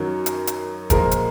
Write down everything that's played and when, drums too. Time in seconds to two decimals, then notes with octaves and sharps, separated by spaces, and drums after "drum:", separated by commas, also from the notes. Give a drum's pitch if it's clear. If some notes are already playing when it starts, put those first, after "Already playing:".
Already playing: F#2 D#3 F#3 A#4
0.26 drum: hi-hat
0.47 drum: hi-hat
0.90 A#2 F3 G#3 A#4, drum: kick, hi-hat
1.11 drum: hi-hat